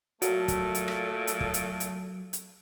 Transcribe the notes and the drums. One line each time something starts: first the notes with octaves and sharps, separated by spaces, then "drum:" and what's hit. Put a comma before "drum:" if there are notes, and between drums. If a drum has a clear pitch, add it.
A#2 F#3 A3 A4, drum: hi-hat
drum: kick, hi-hat
drum: hi-hat
drum: rim click
drum: hi-hat
drum: kick
drum: hi-hat
drum: hi-hat
drum: hi-hat